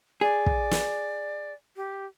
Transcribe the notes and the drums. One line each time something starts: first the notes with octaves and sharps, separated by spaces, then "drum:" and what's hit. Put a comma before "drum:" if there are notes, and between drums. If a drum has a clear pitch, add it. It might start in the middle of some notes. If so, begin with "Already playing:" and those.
G#4 D5
drum: kick
drum: snare
G4